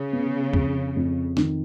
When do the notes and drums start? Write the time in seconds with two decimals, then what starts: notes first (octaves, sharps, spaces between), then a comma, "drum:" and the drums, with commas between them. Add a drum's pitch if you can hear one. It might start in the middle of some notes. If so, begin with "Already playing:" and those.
Already playing: C#3
0.13 B3
0.54 F2, drum: kick
0.96 F2
1.37 D#3, drum: snare